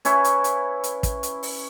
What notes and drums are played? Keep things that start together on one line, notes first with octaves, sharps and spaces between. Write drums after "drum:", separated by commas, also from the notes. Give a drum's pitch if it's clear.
C#4 E4 B4 C#5, drum: hi-hat
drum: hi-hat
drum: hi-hat
drum: hi-hat
drum: kick, hi-hat
drum: hi-hat
drum: open hi-hat